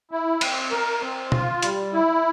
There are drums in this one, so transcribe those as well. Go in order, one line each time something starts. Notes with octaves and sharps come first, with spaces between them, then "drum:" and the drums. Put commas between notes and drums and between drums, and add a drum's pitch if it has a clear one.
E4
C4, drum: cymbal
A#4
C4
F4, drum: tom B2
G3, drum: hi-hat
E4